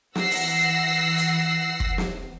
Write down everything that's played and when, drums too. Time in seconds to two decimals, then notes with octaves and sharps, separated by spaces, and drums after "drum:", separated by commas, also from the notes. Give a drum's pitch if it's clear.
0.15 E3 F#5 E6 A#6 C7, drum: snare
0.31 drum: open hi-hat
1.18 drum: hi-hat
1.80 drum: kick
1.98 drum: snare